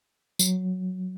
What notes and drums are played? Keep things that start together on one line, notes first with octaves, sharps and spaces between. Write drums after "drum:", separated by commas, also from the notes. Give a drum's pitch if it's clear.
F#3, drum: tambourine